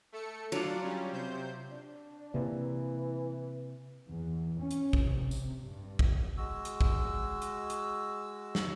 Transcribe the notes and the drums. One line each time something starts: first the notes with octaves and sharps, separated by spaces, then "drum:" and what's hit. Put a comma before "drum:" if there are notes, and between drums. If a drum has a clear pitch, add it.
A3 A4 C#7
F#3 D4 F4 D5, drum: cymbal
G3 C#4
C3 C5 G6
D4
C3 E3 A#3
E2
C#4
drum: hi-hat
drum: kick
C3
drum: tambourine
G2
drum: kick
G#3 F#4 E6
drum: hi-hat
drum: kick
drum: hi-hat
drum: hi-hat
drum: snare